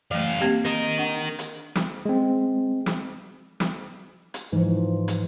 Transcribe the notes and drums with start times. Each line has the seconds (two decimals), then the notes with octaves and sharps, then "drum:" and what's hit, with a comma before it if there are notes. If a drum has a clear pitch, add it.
0.11 F#2 E3 A3 F5
0.41 A#3 C4 G4
0.65 A#4 D#5, drum: hi-hat
0.98 D4 F#5
1.39 drum: hi-hat
1.76 drum: snare
2.05 G#3 C4
2.86 drum: snare
3.60 drum: snare
4.34 drum: hi-hat
4.52 G#2 E3 F3
5.08 drum: hi-hat